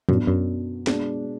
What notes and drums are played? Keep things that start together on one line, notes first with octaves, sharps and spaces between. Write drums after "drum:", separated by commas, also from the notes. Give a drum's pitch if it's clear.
F#2 B2 F#3 B3 D4, drum: tom
F#2
B2 G#3 D4, drum: snare